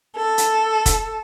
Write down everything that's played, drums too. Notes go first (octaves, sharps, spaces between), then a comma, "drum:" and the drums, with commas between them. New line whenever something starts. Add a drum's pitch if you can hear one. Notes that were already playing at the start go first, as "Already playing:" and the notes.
A4
drum: hi-hat
drum: kick, hi-hat